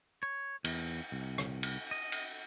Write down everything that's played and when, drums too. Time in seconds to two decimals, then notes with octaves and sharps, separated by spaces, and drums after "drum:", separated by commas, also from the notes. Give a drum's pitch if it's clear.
0.23 C#5
0.64 E2, drum: cymbal
1.12 C2
1.38 drum: rim click
1.63 drum: cymbal
1.91 D#5
2.12 drum: cymbal